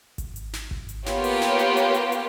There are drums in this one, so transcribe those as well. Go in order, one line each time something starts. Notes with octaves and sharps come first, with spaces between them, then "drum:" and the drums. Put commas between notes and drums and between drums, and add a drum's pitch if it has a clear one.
drum: kick G#1, hi-hat
drum: hi-hat
drum: snare
drum: kick G#1
drum: hi-hat
A#3 B3 F4 G4 C#5, drum: snare
drum: open hi-hat
drum: snare
drum: hi-hat
drum: hi-hat
drum: hi-hat
drum: hi-hat